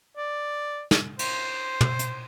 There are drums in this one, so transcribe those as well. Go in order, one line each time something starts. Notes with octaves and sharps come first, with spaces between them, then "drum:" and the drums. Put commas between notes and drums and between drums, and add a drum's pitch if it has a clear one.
D5
drum: snare
C5, drum: cymbal
drum: tom
drum: hi-hat